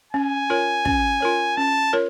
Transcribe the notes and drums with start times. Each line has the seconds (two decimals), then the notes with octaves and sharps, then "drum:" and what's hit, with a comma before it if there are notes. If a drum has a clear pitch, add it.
0.13 C#4 G#5
0.50 F4 A#4 C#5
0.85 C#4, drum: kick
1.21 F4 A#4 C#5
1.57 C#4 A5
1.93 F4 A#4 C#5